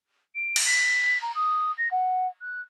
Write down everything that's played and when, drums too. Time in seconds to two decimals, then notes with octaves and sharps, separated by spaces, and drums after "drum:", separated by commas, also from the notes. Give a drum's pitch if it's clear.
0.35 D7
0.56 drum: cymbal
0.66 B6
1.22 A#5
1.35 D#6
1.78 A#6
1.91 F#5
2.41 F#6